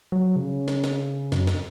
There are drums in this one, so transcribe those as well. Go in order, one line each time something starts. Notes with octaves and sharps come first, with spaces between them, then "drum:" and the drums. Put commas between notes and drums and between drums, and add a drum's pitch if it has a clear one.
F#3
C#3
drum: snare
drum: snare
F#2, drum: snare
drum: snare